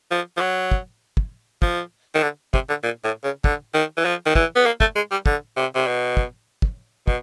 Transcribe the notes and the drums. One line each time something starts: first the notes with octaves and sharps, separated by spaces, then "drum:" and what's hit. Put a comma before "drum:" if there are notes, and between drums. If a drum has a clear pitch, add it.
F3
F3
F#3
drum: kick
drum: kick
F3, drum: kick
D#3
D3
C3, drum: kick
D3
A#2
A2
C#3
D3, drum: kick
D#3
E3
F3
D#3
E3, drum: kick
B3
A#3
A3, drum: kick
G#3
G3
D3, drum: kick
C3
C3
B2
drum: kick
drum: kick
B2, drum: kick